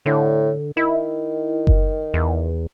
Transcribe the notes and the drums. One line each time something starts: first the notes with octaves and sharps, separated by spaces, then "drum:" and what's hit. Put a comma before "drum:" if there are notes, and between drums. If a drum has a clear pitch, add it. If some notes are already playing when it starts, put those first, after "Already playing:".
A2 D3
D#3 E4
drum: kick F#1
E2